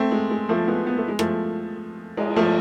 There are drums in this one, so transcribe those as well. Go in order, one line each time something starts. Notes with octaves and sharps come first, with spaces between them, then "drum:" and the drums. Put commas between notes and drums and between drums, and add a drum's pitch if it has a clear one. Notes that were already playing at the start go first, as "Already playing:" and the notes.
Already playing: A3 C4
G#3
G#3
F3 A3
G#3 B3
B3
A3
G#3
F3 A3, drum: rim click
G#3, drum: cymbal
F3 A3